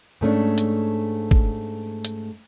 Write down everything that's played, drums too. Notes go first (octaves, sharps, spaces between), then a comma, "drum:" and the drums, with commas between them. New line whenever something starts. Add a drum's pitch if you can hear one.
G#2 A3 C#4 D4
drum: hi-hat
drum: kick
drum: hi-hat